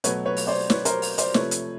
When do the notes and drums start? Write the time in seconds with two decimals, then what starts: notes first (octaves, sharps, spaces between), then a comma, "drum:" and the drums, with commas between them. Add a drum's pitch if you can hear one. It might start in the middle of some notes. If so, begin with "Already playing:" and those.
0.04 B2 F#3 A3 B4 C#5, drum: hi-hat
0.26 B4 C#5
0.37 drum: open hi-hat
0.47 C5 D5
0.70 B4 C#5, drum: snare
0.85 A#4 C5, drum: hi-hat
1.02 drum: open hi-hat
1.18 C5 D5, drum: hi-hat
1.34 C3 F3 A3 B4 C#5, drum: snare
1.51 drum: hi-hat